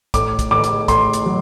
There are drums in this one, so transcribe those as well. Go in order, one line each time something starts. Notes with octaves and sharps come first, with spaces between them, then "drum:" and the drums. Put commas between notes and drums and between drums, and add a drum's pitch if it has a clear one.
A2 D6, drum: kick, hi-hat
drum: kick, hi-hat
A2 D6
drum: hi-hat
A2 C6, drum: kick, hi-hat
drum: hi-hat
F#3